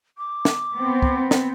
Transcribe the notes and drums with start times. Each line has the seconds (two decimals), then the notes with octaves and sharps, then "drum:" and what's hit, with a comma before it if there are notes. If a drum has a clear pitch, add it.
0.18 D6
0.45 drum: snare
0.74 B3 C4
1.02 drum: kick
1.31 drum: snare